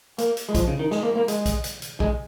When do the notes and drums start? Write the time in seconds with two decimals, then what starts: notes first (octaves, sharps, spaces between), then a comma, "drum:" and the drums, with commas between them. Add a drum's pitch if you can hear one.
0.18 A#3, drum: hi-hat
0.37 drum: hi-hat
0.49 G#3
0.55 F3, drum: kick, hi-hat
0.68 C#3
0.79 D#3
0.91 G#3, drum: snare
1.03 A#3
1.16 A#3
1.28 G#3, drum: hi-hat
1.46 drum: kick, hi-hat
1.64 drum: hi-hat
1.82 drum: hi-hat
2.00 G#3, drum: kick